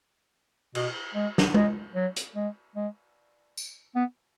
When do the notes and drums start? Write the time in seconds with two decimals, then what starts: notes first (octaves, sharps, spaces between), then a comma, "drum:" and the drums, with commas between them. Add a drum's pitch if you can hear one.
0.75 B2, drum: cymbal
1.15 G#3
1.38 drum: snare
1.54 G#3, drum: tom G#3
1.95 F#3
2.16 drum: hi-hat
2.36 G#3
2.75 G#3
3.57 drum: tambourine
3.96 B3